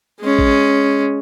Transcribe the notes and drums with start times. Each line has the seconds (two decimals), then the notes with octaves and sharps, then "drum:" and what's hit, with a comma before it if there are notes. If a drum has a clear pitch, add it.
0.21 G#3 C#4
0.39 drum: kick A1